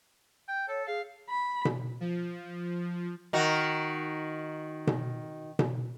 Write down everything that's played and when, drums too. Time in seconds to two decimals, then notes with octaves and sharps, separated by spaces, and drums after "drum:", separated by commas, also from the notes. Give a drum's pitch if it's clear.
0.48 G5
0.68 A4 C#5
0.87 G#4 F5
1.29 B5
1.65 drum: tom B2
2.00 F3
3.33 D#3 F#4
4.87 drum: tom B2
5.59 drum: tom B2